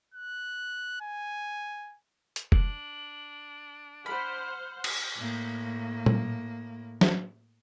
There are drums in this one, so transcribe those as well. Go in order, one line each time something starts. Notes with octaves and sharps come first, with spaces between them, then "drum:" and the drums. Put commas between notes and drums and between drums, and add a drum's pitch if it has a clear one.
F#6
G#5
drum: hi-hat
D4 F#7, drum: kick F1
C5 F#5 B5 F6
drum: cymbal
A2 A#3
drum: tom A#2
drum: snare